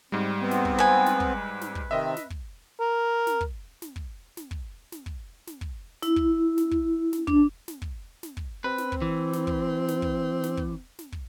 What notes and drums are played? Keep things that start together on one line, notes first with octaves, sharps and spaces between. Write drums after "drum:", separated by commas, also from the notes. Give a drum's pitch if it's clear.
G#2 G3 C4
B3 C4
drum: snare
drum: kick
B4 G#5
drum: snare
drum: kick
drum: snare
drum: kick
C3 D#3 C4 D#5 E5
drum: snare
drum: kick
A#4
drum: snare
drum: kick
drum: snare
drum: kick
drum: snare
drum: kick
drum: snare
drum: kick
drum: snare
drum: kick
E4, drum: snare
drum: kick
drum: snare
drum: kick
drum: snare
D4, drum: kick
drum: snare
drum: kick
drum: snare
drum: kick
C4 B4
drum: snare
drum: kick
E3
drum: snare
drum: kick
drum: snare
drum: kick
drum: snare
drum: kick
drum: snare
drum: kick